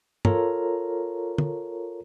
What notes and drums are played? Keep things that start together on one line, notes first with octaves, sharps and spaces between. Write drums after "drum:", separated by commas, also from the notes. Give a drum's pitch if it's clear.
F4 A4 A#4 C#5 A#5, drum: tom
drum: tom